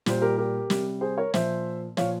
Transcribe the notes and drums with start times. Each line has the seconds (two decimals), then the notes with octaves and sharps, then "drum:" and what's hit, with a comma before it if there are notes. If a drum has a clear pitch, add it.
0.06 A#2 G3 C5, drum: snare
0.21 G4 A#4
0.38 G4 A#4
0.70 C3 G3, drum: snare
1.01 G#4 C5
1.18 A#4 C#5
1.34 A#2 F3 C5 E5, drum: snare
1.97 A#2 F3 C#5 F5, drum: snare